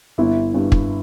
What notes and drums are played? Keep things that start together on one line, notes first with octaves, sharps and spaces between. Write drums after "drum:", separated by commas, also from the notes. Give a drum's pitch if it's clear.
G1 E4
G2
drum: kick